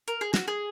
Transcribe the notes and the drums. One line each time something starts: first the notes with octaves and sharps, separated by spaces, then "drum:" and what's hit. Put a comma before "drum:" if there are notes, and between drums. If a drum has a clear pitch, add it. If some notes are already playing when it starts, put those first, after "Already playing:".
A#4, drum: hi-hat
G#4
F#4, drum: snare
G#4